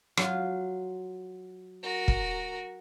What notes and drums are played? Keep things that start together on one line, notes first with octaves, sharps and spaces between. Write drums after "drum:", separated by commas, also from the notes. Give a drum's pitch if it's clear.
F#3 F4, drum: rim click
F#4 A#4
drum: kick